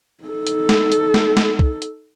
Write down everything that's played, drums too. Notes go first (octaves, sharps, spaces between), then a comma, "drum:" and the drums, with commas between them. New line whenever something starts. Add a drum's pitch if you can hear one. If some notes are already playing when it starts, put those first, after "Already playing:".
D#4 A4
drum: hi-hat
drum: snare
drum: hi-hat
drum: snare
drum: snare
drum: kick
drum: hi-hat